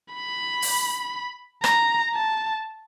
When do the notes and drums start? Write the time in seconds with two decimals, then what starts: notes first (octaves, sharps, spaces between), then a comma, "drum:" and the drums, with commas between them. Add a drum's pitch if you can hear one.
0.14 B5
0.62 drum: open hi-hat
1.64 A#5, drum: rim click
2.15 A5